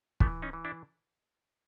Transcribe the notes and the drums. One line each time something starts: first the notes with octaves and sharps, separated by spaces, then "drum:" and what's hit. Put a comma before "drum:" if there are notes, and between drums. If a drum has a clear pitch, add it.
E3 A3 B3, drum: kick
C#4 D#4
E3
D4 E4